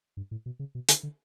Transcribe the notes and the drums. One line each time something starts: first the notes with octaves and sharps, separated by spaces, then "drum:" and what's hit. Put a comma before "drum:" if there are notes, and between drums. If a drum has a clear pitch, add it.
G2
A2
B2
C#3
B2
D3, drum: hi-hat
D3